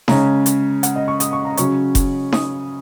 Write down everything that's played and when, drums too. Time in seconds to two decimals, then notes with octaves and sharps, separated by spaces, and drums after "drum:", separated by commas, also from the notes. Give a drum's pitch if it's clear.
0.08 C#3 G#3 C#4 A#5, drum: snare D#4
0.46 drum: hi-hat
0.83 F#5, drum: hi-hat
0.96 D#5
1.08 C#6
1.20 D#6, drum: hi-hat
1.33 C#6
1.45 A#5
1.57 C#3 F#3 C#4 C#6, drum: hi-hat
1.95 drum: kick F1, hi-hat
2.32 D#6, drum: snare D#4